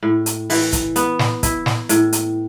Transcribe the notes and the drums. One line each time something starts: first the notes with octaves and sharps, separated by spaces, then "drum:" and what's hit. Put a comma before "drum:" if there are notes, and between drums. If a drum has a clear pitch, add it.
A2
drum: hi-hat
E3, drum: open hi-hat
drum: kick, hi-hat
B3, drum: hi-hat
drum: snare
E4, drum: kick, hi-hat
drum: snare
A2, drum: hi-hat
drum: hi-hat